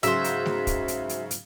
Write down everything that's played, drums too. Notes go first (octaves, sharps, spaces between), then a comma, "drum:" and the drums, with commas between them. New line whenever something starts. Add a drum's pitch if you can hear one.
G#2 C#3 F#3 F#4 C5 E5, drum: hi-hat
drum: hi-hat
drum: snare A3
drum: kick, hi-hat
drum: hi-hat
drum: hi-hat
drum: hi-hat